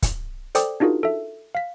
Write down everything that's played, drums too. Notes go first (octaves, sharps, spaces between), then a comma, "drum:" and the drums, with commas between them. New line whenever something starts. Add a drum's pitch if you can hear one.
drum: kick, hi-hat
A4 C5 D5 G5 D6 D#6, drum: hi-hat
D4 D#4 F4 F#4 G#4 A#4
A4 E5
F5 B6